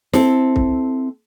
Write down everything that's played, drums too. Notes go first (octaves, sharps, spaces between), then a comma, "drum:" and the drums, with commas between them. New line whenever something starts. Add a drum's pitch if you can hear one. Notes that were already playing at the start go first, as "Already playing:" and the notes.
C4 E4 A4, drum: snare
drum: kick C2